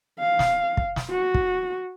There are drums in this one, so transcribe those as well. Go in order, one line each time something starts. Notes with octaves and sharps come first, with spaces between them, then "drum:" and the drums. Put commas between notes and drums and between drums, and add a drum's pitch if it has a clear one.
F5
drum: snare
drum: kick
drum: snare
F#4
drum: kick